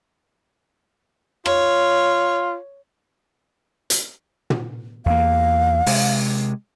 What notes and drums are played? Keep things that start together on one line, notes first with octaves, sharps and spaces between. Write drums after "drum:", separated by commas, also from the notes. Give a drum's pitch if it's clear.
F4 C#5, drum: rim click
drum: hi-hat
drum: tom
E2 A#3 F5
C3 G#3, drum: open hi-hat